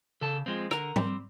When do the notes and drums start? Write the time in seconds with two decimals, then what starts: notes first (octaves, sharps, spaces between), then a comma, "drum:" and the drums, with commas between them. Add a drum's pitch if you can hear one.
0.21 C#3 A4 A5
0.46 F3 G#3 C4
0.71 D3 A#4 A#5, drum: rim click
0.96 G3 C4, drum: tom